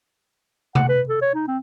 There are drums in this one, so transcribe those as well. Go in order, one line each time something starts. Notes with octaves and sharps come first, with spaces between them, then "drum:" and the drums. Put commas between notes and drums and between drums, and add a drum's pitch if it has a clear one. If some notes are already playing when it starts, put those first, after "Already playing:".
F#5, drum: tom C3
B4
A4
C#5
D#4
C4